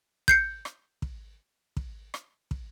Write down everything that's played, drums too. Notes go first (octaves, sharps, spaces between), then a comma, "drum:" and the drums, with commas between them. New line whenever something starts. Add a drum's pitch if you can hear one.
G6 C7 C#7, drum: kick
drum: rim click
drum: kick
drum: kick
drum: rim click
drum: kick